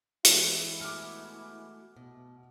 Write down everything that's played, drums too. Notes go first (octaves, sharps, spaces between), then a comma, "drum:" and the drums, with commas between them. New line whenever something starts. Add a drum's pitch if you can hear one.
E3 G#3 B3 E4, drum: hi-hat
A3 F#4 G#5 D6 F6
B2